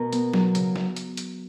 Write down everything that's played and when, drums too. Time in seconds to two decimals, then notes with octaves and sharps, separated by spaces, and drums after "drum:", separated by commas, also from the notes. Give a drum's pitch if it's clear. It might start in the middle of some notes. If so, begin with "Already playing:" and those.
Already playing: B2 A#4
0.13 B3, drum: hi-hat
0.34 F#3, drum: snare
0.55 C#3, drum: hi-hat
0.76 drum: snare
0.96 drum: hi-hat
1.17 drum: hi-hat